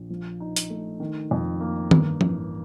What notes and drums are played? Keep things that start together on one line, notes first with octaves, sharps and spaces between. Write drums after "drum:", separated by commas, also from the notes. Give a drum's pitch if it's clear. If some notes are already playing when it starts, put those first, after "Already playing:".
Already playing: A#1
F3
D#4
drum: hi-hat
A3
D#3
F2
A#3
G2, drum: tom D#3
A1, drum: tom F3